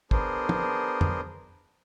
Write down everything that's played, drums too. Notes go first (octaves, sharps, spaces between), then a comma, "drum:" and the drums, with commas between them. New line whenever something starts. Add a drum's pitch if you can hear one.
B3 D4 G#4 A#4 C5, drum: kick
drum: tom
drum: tom